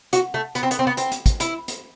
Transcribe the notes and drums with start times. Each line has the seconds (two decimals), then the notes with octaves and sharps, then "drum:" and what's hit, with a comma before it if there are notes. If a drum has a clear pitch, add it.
0.13 F#4, drum: hi-hat
0.34 A3
0.55 B3, drum: hi-hat
0.63 C4
0.71 B3, drum: hi-hat
0.79 C4
0.87 B3
0.97 C4, drum: hi-hat
1.12 drum: hi-hat
1.26 drum: kick, hi-hat
1.40 E4, drum: hi-hat
1.68 drum: hi-hat